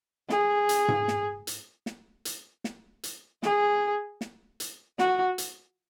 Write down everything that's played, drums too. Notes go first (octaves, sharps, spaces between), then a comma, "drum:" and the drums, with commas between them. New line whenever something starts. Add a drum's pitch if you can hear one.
G#4, drum: snare
drum: hi-hat
drum: tom G#2
drum: snare
drum: hi-hat
drum: snare
drum: hi-hat
drum: snare
drum: hi-hat
G#4, drum: snare
drum: snare
drum: hi-hat
F#4, drum: snare
drum: hi-hat